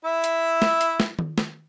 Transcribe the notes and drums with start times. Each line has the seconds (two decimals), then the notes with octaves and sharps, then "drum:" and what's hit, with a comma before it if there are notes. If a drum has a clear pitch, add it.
0.05 E4 E5
0.24 drum: hi-hat
0.62 drum: snare
0.81 drum: hi-hat
1.00 drum: snare
1.19 drum: tom D#3
1.38 drum: snare